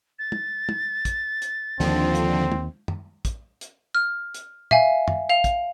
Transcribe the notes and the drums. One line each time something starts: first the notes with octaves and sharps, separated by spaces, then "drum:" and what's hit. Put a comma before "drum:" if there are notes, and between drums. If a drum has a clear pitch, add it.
A6
drum: tom
drum: tom
drum: kick, hi-hat
drum: hi-hat
D#2 D3 F3 C4, drum: snare
drum: hi-hat
drum: tom
drum: tom
drum: kick, hi-hat
drum: hi-hat
F6
drum: hi-hat
E5 F5 G#5, drum: tom
drum: tom
F5 F7
drum: kick, hi-hat